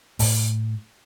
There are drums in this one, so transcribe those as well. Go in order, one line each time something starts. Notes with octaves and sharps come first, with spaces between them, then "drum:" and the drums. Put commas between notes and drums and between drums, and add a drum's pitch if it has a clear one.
A2, drum: open hi-hat